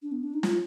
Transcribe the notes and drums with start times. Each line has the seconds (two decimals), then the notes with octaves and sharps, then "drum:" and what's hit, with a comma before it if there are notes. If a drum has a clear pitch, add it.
0.02 D4
0.12 B3
0.23 D4
0.34 D#4
0.43 F4, drum: snare